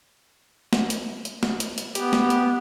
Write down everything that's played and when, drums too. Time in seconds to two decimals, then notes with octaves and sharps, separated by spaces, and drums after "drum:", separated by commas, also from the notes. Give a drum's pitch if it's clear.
0.73 drum: snare
0.90 drum: hi-hat
1.25 drum: hi-hat
1.43 drum: snare
1.60 drum: hi-hat
1.78 drum: hi-hat
1.95 B3 G4, drum: hi-hat
2.13 drum: snare
2.30 drum: hi-hat